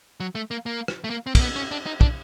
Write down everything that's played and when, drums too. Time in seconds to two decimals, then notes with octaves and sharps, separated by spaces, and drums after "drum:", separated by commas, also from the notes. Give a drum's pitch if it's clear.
0.20 F#3
0.35 A3
0.51 A#3
0.66 A#3
0.88 drum: rim click
1.04 A3
1.10 A#3
1.27 C4
1.35 A#3, drum: kick, cymbal
1.41 B3
1.56 C#4
1.71 D4
1.86 D#4
2.01 D4, drum: kick